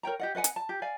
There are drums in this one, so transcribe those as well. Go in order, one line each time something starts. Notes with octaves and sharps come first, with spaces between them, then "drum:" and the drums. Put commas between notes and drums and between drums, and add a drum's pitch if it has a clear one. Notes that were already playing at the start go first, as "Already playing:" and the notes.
A#4 C#5 G5 A#5
G4 D#5 F#5
B4 D#5 F#5 G#5
drum: hi-hat
A5
G4
D5 F5 G#5